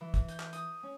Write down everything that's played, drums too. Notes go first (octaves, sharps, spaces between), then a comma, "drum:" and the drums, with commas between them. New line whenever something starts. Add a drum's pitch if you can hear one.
E3
drum: kick, hi-hat
G6, drum: hi-hat
drum: clap
D#6, drum: hi-hat
C#4